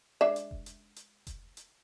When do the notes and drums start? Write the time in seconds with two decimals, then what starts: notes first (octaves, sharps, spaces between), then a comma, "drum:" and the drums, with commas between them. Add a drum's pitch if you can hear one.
0.21 G#3 D4 E5
0.36 drum: hi-hat
0.51 drum: kick F1
0.66 drum: hi-hat
0.96 drum: hi-hat
1.27 drum: kick F1, hi-hat
1.57 drum: hi-hat